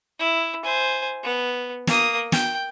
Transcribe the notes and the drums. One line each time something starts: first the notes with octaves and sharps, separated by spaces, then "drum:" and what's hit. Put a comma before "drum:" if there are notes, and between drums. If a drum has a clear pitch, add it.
E4
C5 G#5
B3
A#3 D#6, drum: snare
G5, drum: snare